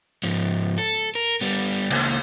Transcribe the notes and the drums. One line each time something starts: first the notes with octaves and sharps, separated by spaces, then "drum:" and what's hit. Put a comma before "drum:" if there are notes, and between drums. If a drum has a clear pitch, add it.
G#2 F3
A4
A#4
G3 B3
C#2 A#3, drum: cymbal